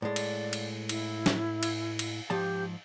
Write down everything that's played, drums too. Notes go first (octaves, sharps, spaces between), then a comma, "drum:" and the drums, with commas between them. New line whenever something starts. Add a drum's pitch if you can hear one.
A2 G#3 D5
drum: cymbal
drum: cymbal
E4, drum: cymbal
drum: snare
drum: cymbal
drum: cymbal
G#2 F3 G4 A5